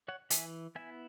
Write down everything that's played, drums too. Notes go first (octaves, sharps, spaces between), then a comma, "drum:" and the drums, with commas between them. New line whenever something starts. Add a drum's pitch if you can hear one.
C#5 F#5
E3 E5 G#5, drum: hi-hat
B3 E4 E5 G#5